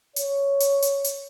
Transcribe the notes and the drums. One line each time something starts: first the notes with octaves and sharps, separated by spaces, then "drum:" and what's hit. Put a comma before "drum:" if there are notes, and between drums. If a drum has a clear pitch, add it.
C#5, drum: hi-hat
drum: hi-hat
drum: hi-hat
drum: hi-hat